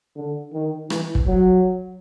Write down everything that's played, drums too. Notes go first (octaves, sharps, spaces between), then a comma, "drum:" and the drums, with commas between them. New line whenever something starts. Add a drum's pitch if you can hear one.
D3
D#3
E3, drum: rim click
drum: kick
F#3